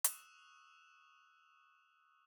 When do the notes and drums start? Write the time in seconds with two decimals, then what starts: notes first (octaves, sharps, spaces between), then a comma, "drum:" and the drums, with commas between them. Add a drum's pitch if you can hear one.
0.04 C#6 D#6 E6 F#6 E7 F7, drum: hi-hat